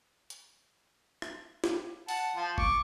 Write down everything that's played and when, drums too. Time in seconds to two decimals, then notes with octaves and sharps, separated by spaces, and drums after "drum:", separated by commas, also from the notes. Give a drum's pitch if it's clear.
0.30 drum: hi-hat
1.22 drum: rim click
1.64 drum: snare
2.08 F#5 A5, drum: open hi-hat
2.36 F3 F4
2.58 C#6 D6, drum: kick F#1